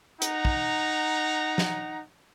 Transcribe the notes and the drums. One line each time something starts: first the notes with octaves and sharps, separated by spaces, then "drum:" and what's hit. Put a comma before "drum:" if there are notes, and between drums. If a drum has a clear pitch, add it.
D#4 F#5 A#5, drum: hi-hat
drum: kick
drum: snare